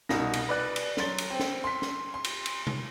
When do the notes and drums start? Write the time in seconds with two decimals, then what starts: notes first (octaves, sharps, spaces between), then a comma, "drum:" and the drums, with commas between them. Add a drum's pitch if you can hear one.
0.09 C2 B2 D#4 A#6, drum: snare
0.33 drum: cymbal
0.49 B4 D5 F#6
0.76 drum: cymbal
0.97 F#3 C6 A6 G7, drum: snare
1.18 drum: cymbal
1.30 C4
1.39 drum: snare
1.64 C6 B6
1.82 drum: snare
2.14 C6
2.24 drum: cymbal
2.46 drum: cymbal
2.67 drum: tom C3